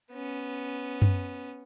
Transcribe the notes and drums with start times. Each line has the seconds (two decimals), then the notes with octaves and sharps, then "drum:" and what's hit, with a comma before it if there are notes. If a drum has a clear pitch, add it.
0.13 B3 C#4
1.02 drum: tom F#2